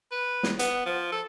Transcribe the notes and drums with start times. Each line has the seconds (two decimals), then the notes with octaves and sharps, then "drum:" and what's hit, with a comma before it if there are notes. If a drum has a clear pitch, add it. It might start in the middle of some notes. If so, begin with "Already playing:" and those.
0.12 B4
0.43 drum: snare
0.59 B3, drum: hi-hat
0.86 F3
1.12 A4